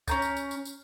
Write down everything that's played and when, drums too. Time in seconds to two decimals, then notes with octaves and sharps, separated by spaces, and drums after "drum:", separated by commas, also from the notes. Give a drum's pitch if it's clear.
0.08 C#4 A#5 G6, drum: kick C#2, tambourine
0.22 drum: tambourine
0.36 drum: tambourine
0.51 drum: tambourine
0.65 drum: tambourine